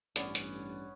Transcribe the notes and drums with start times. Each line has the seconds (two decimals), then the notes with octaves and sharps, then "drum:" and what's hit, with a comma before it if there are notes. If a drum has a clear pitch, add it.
0.16 A1 G2 B3 C#4 D5, drum: hi-hat
0.35 drum: hi-hat